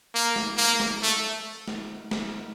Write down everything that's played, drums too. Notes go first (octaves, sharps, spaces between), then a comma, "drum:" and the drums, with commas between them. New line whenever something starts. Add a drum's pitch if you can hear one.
A#3
drum: snare
A#3
drum: snare
A3
drum: hi-hat
drum: snare
drum: snare